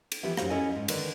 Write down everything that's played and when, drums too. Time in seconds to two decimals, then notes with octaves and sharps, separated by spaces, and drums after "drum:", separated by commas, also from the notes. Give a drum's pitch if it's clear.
0.12 drum: cymbal
0.23 E3 F3 B3 G4 B4 E5
0.37 F#2 D#4 F#4 G4 C5 F5, drum: rim click
0.50 B3 C#4 E4 A4 D#5 G#5
0.71 G#2 D#4
0.88 D3 D#3 B4 D5, drum: cymbal